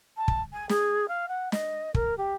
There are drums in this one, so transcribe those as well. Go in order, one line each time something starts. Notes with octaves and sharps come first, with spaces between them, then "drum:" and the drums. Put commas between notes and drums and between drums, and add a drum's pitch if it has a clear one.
A5
drum: kick
G#5
G#4, drum: snare
F5
F#5
D#5, drum: snare
A#4, drum: kick
G4